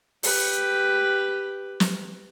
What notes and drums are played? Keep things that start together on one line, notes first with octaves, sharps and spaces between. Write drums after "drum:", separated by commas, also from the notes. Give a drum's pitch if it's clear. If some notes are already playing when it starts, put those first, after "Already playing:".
G4 B4, drum: open hi-hat
drum: snare